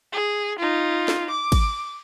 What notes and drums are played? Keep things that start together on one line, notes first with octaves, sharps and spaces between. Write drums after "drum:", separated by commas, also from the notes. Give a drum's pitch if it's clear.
G#4
D#4 F4
drum: snare
D6
drum: kick G#1, cymbal